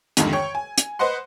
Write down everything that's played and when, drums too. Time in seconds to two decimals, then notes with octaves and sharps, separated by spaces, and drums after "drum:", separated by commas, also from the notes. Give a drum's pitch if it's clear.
0.17 C2 F2 G#2 D3 D#3, drum: hi-hat
0.33 C#5 G5 C#6
0.55 G#5
0.78 drum: hi-hat
0.99 B4 C5 D#5 F#5 C6